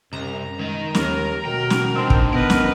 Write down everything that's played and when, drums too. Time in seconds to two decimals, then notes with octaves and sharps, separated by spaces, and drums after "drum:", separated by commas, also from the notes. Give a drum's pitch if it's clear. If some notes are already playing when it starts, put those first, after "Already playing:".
0.13 C2 F#2 A#5
0.59 D#3 G#3 D#5
0.95 D#2 A#4, drum: snare
1.45 B2 A#4 G5
1.70 drum: snare
1.96 D#3 C4 D4
2.10 drum: kick
2.32 B3 A#4 B4 D#5
2.50 drum: snare